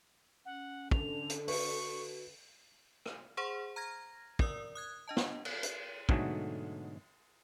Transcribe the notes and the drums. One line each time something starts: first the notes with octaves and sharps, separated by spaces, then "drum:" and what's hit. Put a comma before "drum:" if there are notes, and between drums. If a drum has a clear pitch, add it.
C#4 F#5
D3 F7, drum: kick
drum: hi-hat
F#4 B4 C#6, drum: open hi-hat
drum: rim click
G#4 C5 F#5 C6 C#6
A#5 F6 G#6 A#6
A#4 D5 D#6 E6, drum: kick
D#6 F#6 G#6
D4 D#5 A5
drum: snare
drum: cymbal
drum: hi-hat
G#2 B2 D3 F#3 A3 G#4, drum: kick